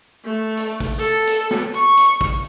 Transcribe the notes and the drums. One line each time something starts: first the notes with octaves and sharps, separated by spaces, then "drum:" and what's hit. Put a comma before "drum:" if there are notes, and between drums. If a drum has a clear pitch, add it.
A3
drum: hi-hat
drum: kick, open hi-hat
A4
drum: hi-hat
drum: snare
C#6, drum: hi-hat
drum: hi-hat
drum: kick, open hi-hat